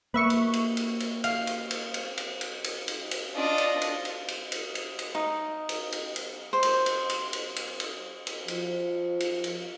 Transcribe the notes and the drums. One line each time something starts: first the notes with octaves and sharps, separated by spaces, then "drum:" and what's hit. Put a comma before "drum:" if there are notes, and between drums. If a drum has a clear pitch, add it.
A#3 B4 E5 C#6
drum: cymbal
drum: cymbal
drum: cymbal
drum: cymbal
F5, drum: cymbal
drum: cymbal
drum: cymbal
drum: cymbal
drum: cymbal
drum: cymbal
drum: cymbal
drum: cymbal
drum: cymbal
D4 F4 D5 D#5
drum: cymbal
drum: cymbal
drum: cymbal
drum: cymbal
drum: cymbal
drum: cymbal
drum: cymbal
D#4
drum: cymbal
drum: cymbal
drum: cymbal
C5
drum: cymbal
drum: cymbal
drum: cymbal
drum: cymbal
drum: cymbal
drum: cymbal
drum: cymbal
F3, drum: cymbal
drum: cymbal
drum: cymbal